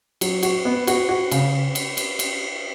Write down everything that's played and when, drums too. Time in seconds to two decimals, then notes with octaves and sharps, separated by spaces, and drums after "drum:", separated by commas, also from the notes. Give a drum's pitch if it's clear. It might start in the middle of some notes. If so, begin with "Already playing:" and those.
0.21 F#3, drum: cymbal
0.43 F#4, drum: cymbal
0.65 B3
0.87 F#4, drum: cymbal
1.09 F#4
1.31 C#3, drum: cymbal
1.75 drum: cymbal
1.97 drum: cymbal
2.19 drum: cymbal